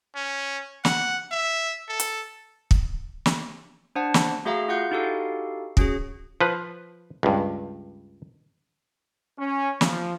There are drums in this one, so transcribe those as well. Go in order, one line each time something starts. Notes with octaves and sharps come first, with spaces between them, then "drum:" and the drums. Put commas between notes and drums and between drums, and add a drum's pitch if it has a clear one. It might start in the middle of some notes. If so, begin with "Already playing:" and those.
C#4
F#5, drum: snare
E5
A4
drum: hi-hat
drum: kick
drum: snare
D4 C5 F#5 A5
drum: snare
A3 F#4 G#4 E5 F5 A#5
F4 F5 F#5 G6
D#4 E4 F#4 G4 A4 F5
C#4 F#4 G#4, drum: kick
F3 B4
C#2 G2
C#4
F3, drum: snare